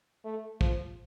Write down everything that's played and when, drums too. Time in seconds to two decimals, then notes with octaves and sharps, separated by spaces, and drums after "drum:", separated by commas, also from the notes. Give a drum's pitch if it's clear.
0.24 A3
0.61 F3, drum: kick